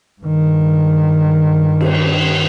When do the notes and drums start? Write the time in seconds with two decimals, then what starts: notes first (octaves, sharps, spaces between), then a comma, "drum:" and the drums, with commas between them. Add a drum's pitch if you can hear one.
0.22 G2 D#3
1.81 drum: cymbal